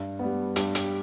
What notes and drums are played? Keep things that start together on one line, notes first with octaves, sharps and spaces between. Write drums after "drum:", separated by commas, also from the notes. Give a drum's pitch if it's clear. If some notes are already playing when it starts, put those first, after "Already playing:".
Already playing: G2
G3 B3
G2 G4, drum: hi-hat
G4, drum: hi-hat